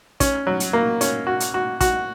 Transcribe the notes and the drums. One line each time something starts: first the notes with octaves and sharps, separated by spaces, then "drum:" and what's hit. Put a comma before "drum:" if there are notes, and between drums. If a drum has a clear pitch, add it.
C#4, drum: kick, hi-hat
F#3
drum: hi-hat
A#3
C#4, drum: hi-hat
F#4
drum: hi-hat
F#4
F#4, drum: kick, hi-hat